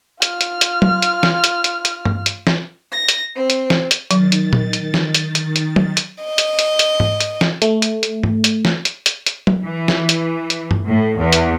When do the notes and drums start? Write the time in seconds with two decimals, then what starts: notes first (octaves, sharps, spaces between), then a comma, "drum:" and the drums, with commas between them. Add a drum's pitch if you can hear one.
0.22 F4 F6, drum: hi-hat
0.41 drum: hi-hat
0.61 drum: hi-hat
0.82 drum: tom F#3
1.02 drum: hi-hat
1.23 drum: snare
1.44 drum: hi-hat
1.64 drum: hi-hat
1.85 drum: hi-hat
2.05 drum: tom G2
2.26 drum: hi-hat
2.47 drum: snare
2.92 A#6
3.08 drum: hi-hat
3.36 C4
3.50 drum: hi-hat
3.70 drum: snare
3.91 drum: hi-hat
4.11 D#3 F#3 A6, drum: hi-hat
4.32 drum: hi-hat
4.53 drum: tom A#2
4.73 drum: hi-hat
4.94 drum: snare
5.14 drum: hi-hat
5.35 drum: hi-hat
5.56 drum: hi-hat
5.76 drum: tom F#3
5.97 drum: hi-hat
6.23 D#5
6.38 drum: hi-hat
6.59 drum: hi-hat
6.79 drum: hi-hat
7.00 drum: tom G#2
7.20 drum: hi-hat
7.41 drum: snare
7.62 A3, drum: hi-hat
7.82 drum: hi-hat
8.03 drum: hi-hat
8.23 drum: tom G#2
8.44 drum: hi-hat
8.65 drum: snare
8.85 drum: hi-hat
9.06 drum: hi-hat
9.26 drum: hi-hat
9.47 drum: tom F#3
9.63 E3
9.88 drum: snare
10.09 drum: hi-hat
10.50 drum: hi-hat
10.71 drum: tom G2
10.87 A2
11.19 E2
11.32 drum: hi-hat